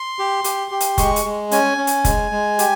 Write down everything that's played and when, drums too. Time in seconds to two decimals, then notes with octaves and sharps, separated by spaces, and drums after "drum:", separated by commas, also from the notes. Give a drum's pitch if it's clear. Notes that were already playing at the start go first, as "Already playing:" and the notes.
Already playing: C6
0.19 G4
0.44 G4, drum: hi-hat
0.71 G4
0.80 drum: hi-hat
0.98 G#3 C#6, drum: kick F1, hi-hat
1.16 drum: hi-hat
1.25 G#3
1.51 C#4 G#5, drum: hi-hat
1.78 C#4
1.87 drum: hi-hat
2.05 G#3, drum: kick F1, hi-hat
2.31 G#3
2.59 G4, drum: hi-hat